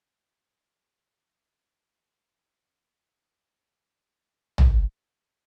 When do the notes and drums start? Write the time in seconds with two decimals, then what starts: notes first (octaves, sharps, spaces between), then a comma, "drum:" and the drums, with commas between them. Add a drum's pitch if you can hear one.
0.12 C3 G#3 A3 D#4
2.78 G#3 F4 D5 D#5 A5 G6 G#6
4.58 drum: tom A1